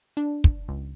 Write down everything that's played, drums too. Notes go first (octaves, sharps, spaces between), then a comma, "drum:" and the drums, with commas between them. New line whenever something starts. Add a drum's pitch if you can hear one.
D4
drum: kick
C#2